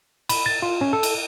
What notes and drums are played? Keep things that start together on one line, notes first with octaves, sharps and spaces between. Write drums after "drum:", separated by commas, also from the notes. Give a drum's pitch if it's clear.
B5, drum: cymbal
A6
F4
C#4
A4
drum: cymbal